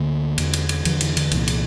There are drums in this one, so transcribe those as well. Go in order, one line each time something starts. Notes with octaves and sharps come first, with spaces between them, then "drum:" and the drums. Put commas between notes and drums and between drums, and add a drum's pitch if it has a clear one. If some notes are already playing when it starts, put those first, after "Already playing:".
Already playing: D2 D3 A#3
E2 D3, drum: cymbal
drum: cymbal
drum: cymbal
E2 D3 F3, drum: cymbal
E3, drum: cymbal
D3, drum: cymbal
C2 A#2 E3, drum: cymbal
drum: cymbal